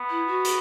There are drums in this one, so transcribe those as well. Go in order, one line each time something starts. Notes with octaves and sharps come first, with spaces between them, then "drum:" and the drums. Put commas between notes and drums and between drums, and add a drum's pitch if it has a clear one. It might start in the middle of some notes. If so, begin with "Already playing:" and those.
Already playing: B3
E4
F#4
drum: hi-hat